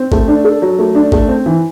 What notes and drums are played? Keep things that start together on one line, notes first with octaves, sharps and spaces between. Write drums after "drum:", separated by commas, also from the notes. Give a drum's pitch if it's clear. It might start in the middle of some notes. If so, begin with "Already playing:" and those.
Already playing: C4
A3, drum: kick A1
D4
A4
F#3
A3
D4
A3, drum: kick A1
C4
E3